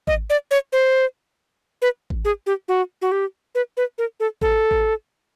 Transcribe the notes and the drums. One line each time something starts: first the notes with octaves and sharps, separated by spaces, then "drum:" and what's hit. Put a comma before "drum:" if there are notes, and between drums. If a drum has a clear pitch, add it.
D#5, drum: kick G#1
D5
C#5
C5
B4
drum: kick G#1
G#4
G4
F#4
F#4
G4
B4
B4
A#4
A4
A4, drum: kick G#1
drum: kick G#1